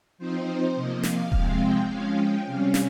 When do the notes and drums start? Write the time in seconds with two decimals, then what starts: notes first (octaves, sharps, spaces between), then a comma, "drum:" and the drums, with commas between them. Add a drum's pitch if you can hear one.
0.18 F3 C4 D#4 C5
0.75 C3 F3 A#3 D#5
1.03 F5, drum: snare
1.32 C3 F3 G#3 C4, drum: kick D#1
1.61 G5
1.89 F3 G#3 C#4 F5
2.17 G5
2.46 C3 G3 C#4 F5
2.74 drum: snare